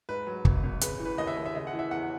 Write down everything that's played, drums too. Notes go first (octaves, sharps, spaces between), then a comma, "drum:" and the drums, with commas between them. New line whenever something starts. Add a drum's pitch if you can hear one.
G#2 B4
F#3
G#1, drum: kick
G#1
C#3 B4, drum: hi-hat
E3
B4
D#2 D#5
E5
D#2
E5
C#3 D#5
F#5
E3
E5
E2 F#5